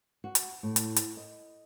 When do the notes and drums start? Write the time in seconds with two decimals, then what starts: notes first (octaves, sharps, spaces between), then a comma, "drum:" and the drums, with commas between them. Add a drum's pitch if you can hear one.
0.24 F#4
0.35 drum: hi-hat
0.63 A2
0.76 drum: hi-hat
0.96 drum: hi-hat
1.17 D#5